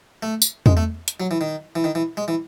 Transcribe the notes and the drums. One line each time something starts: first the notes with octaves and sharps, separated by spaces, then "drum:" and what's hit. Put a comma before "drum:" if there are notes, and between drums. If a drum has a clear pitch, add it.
A3
drum: tambourine
G#3, drum: tom E2
A3
drum: hi-hat
F#3
E3
D#3
E3
D#3
E3
G#3
E3